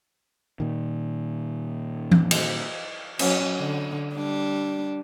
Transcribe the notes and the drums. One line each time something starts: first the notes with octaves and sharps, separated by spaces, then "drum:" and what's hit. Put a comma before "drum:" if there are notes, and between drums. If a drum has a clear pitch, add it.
A#2 D#3
drum: tom E3
drum: cymbal
F#3 C#4, drum: cymbal
D3
G3 D4